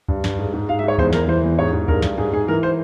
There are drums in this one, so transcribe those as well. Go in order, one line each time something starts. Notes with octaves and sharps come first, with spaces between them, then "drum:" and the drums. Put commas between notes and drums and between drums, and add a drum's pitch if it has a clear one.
G2, drum: kick
G2, drum: snare
G#2
G#2
G#2 F5
E5
G#2 C#5
E2 C5, drum: kick
E2 A#4, drum: snare
E3 C5
E2
G#2 C#5
G#2
G2 A#4, drum: kick
G2, drum: snare
G#2 G#4
G#2 G#4
E3 A#4
C5